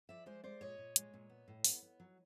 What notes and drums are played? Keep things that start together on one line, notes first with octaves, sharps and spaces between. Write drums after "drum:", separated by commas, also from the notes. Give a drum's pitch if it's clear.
F3 D5 E5
G#3 C5 D5
G#3 C5 D5
A#2 C#5 D#5
A#2
G#3, drum: hi-hat
A#2
B3
A2
B3, drum: open hi-hat
B3
F#3